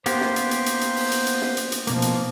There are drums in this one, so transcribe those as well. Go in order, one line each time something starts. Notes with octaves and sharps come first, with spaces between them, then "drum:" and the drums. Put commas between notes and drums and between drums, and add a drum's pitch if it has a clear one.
A#3 B3 G4 C5, drum: hi-hat
drum: snare
drum: hi-hat
drum: hi-hat
drum: hi-hat
drum: hi-hat
drum: open hi-hat
drum: hi-hat
drum: hi-hat
drum: snare
drum: hi-hat
drum: hi-hat
B2 F3 A#3, drum: hi-hat
drum: hi-hat